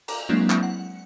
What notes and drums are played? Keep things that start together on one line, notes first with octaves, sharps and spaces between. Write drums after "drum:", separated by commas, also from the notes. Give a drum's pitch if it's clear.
A#5 D6, drum: cymbal
F#3 G#3 A#3 C4 D4 E4
drum: clap
F#5